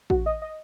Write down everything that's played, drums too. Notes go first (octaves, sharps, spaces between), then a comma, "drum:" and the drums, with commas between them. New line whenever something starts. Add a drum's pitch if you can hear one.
F#4, drum: kick A1
D#5
D#5